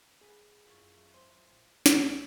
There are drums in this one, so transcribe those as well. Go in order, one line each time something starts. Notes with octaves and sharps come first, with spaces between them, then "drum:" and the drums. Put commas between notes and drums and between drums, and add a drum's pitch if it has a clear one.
G#4 B4 F#5
F#2 E4 F4 C#6
C5
A#1
C2 B2 A3 G#4 C5, drum: snare